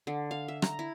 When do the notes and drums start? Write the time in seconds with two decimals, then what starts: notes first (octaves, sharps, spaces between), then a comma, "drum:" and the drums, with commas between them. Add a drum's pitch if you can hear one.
0.07 D3
0.31 F5
0.48 E5
0.62 A#5, drum: rim click
0.79 E4